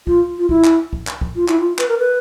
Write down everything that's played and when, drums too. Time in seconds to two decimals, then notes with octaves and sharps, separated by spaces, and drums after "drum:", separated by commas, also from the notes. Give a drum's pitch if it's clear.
0.07 F4, drum: kick
0.38 F4
0.49 E4, drum: kick
0.64 drum: clap
0.93 drum: kick
1.07 drum: clap
1.21 drum: kick
1.36 F4
1.48 E4, drum: clap
1.60 F4
1.79 B4, drum: clap
1.89 A#4
1.99 B4